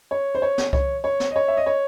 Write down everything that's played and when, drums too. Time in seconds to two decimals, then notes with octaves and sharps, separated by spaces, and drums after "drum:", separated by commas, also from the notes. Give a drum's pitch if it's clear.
0.11 C#5
0.35 C5
0.42 C#5
0.58 drum: snare
0.73 C#5, drum: kick C2
1.04 C#5
1.20 drum: snare
1.31 D#5
1.36 C#5
1.48 E5
1.57 D#5
1.66 C#5